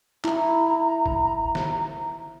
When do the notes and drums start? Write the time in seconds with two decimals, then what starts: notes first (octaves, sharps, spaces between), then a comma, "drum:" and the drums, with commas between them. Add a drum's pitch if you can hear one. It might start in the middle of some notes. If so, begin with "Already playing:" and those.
0.25 E4 A#5, drum: clap
1.06 drum: kick A1
1.55 drum: snare